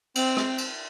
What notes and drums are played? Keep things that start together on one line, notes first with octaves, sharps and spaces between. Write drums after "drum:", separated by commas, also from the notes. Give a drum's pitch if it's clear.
C4, drum: cymbal
drum: rim click
drum: cymbal